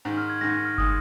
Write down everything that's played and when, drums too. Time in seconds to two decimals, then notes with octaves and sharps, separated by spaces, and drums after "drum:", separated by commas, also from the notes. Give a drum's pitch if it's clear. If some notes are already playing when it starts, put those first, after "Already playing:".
0.05 G#2 D#3 G#3
0.18 F6
0.30 G#6
0.41 G#2 D#3 G#3 A#6
0.65 F6
0.78 D#3 G#3 D#6, drum: kick